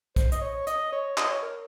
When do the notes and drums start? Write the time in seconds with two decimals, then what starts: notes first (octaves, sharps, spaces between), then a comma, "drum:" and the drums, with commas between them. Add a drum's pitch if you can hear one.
0.16 C5, drum: kick, hi-hat
0.32 D#5, drum: hi-hat
0.41 C#5
0.67 D#5, drum: hi-hat
0.92 C#5
1.17 D#5, drum: clap
1.30 C#5
1.42 A#4